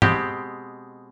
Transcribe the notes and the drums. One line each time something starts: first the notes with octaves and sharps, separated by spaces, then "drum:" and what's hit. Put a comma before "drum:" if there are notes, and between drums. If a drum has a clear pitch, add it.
B2 G#3 C4 G4, drum: tom G#2